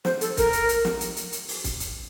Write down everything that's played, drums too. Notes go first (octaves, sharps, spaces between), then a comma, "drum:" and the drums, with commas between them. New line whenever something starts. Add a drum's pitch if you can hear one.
C5, drum: snare
A4, drum: hi-hat
A#4, drum: kick, hi-hat
drum: hi-hat
drum: hi-hat
drum: snare
drum: hi-hat
drum: hi-hat
drum: hi-hat
drum: open hi-hat
drum: kick, hi-hat
drum: hi-hat